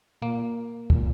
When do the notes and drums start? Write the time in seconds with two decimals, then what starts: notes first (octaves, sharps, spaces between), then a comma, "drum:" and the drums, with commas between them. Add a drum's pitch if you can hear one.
0.22 A#2 A#3
0.90 A#2, drum: kick